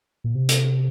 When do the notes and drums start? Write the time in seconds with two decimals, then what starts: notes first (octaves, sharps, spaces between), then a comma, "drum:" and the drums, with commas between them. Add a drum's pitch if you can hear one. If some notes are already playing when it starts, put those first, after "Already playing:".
0.24 A#2
0.35 C3
0.49 drum: hi-hat